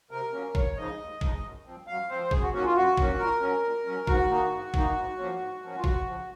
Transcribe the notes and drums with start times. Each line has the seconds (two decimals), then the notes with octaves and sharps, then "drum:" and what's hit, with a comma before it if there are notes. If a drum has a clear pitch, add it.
0.11 C3 A#4
0.33 F#3 A#3 C#4
0.55 D#2 C#5, drum: kick
0.77 C#3 F3 G#3 D#4 D#5
0.99 D#2
1.21 C#3 F3 G#3 D#4, drum: kick
1.43 F#2
1.65 F3 C4
1.87 F#2 F5
2.09 F3 C4 C5
2.31 F#2 G#4, drum: kick
2.42 F#4
2.53 D#3 F#3 A#3 C#4 F#4
2.64 F4
2.75 F#2 F#4
2.97 D#3 F#3 A#3 C#4, drum: kick
3.19 A#2 A#4
3.42 F#3 C#4
3.63 A#2
3.85 F#3 C#4
4.07 G#2 F#4, drum: kick
4.30 D#3 A#3 D#4
4.52 G#2
4.74 D#3 A#3 D#4, drum: kick
4.96 G#2
5.18 F3 A#3 C#4
5.39 G#2
5.62 F3 A#3 C#4
5.78 F4
5.84 D#2 F#4, drum: kick
6.06 C#3 F3